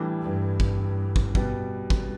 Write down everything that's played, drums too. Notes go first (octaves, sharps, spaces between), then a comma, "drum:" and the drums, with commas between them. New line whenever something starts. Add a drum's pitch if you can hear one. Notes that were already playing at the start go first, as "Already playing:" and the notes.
Already playing: A2 E3 G3 D4 A4
G2
drum: kick
drum: kick
B2 G3 B3, drum: kick
drum: kick